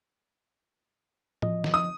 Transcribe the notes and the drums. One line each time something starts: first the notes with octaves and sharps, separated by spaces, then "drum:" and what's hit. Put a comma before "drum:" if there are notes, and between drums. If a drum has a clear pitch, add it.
F3 D#5, drum: tom A2
drum: snare
D#6